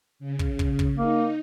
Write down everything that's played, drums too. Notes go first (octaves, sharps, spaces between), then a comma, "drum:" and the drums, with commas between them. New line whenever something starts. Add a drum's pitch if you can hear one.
C#3
drum: kick
drum: kick
drum: kick
A#3 D#4